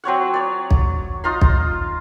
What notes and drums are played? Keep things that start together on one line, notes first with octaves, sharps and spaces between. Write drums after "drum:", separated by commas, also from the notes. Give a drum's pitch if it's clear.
F#3 C4 C#5 F#5
C#5 D5
drum: kick B1
D#4 F4 A#5 C6
drum: kick B1